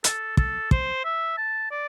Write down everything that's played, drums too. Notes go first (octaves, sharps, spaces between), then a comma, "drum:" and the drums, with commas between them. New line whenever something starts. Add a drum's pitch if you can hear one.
A4, drum: hi-hat
A4, drum: kick
C5, drum: kick
E5
A5
D5